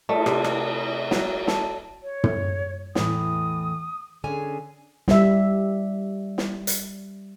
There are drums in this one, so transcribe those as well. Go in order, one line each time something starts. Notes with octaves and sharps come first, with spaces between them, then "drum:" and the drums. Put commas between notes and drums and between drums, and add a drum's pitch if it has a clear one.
A3, drum: cymbal
C3, drum: rim click
drum: rim click
F#3, drum: snare
A4, drum: snare
C#5
drum: tom
E2 A2 E3 D#6, drum: snare
D3 C#4 G#4 G#5
G3 E5, drum: snare
drum: snare
drum: hi-hat